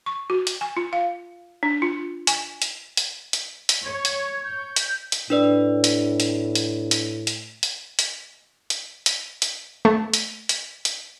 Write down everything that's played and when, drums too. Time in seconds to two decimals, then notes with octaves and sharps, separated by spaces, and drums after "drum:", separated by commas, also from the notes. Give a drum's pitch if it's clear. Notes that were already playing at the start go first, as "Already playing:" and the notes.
0.06 C#6
0.30 F#4
0.47 drum: hi-hat
0.61 G#5
0.77 F4
0.93 F5
1.63 D4
1.82 F4
2.27 G#5, drum: hi-hat
2.62 drum: hi-hat
2.97 drum: hi-hat
3.33 drum: hi-hat
3.69 drum: hi-hat
3.85 C#5 G#6
4.05 drum: hi-hat
4.44 G6
4.76 drum: hi-hat
5.12 drum: hi-hat
5.30 A2 D4 B4 D5
5.84 drum: hi-hat
6.20 drum: hi-hat
6.55 drum: hi-hat
6.91 drum: hi-hat
7.27 drum: hi-hat
7.63 drum: hi-hat
7.99 drum: hi-hat
8.70 drum: hi-hat
9.06 drum: hi-hat
9.42 drum: hi-hat
9.85 A3
10.14 drum: hi-hat
10.49 drum: hi-hat
10.85 drum: hi-hat